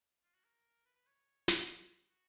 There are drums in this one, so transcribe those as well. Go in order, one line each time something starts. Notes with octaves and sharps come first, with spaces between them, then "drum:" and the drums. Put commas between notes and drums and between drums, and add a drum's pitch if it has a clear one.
F4
F#4
A#4
B4
B4
C#5
drum: snare
B4
F#4